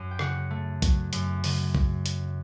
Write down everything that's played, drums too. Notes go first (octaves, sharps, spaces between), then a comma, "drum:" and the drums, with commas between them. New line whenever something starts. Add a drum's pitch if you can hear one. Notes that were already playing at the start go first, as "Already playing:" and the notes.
Already playing: F#2
G5
C#3 F#5, drum: rim click
A3
F#3, drum: kick B1, hi-hat
F#2, drum: hi-hat
C#3, drum: open hi-hat
drum: kick B1
drum: hi-hat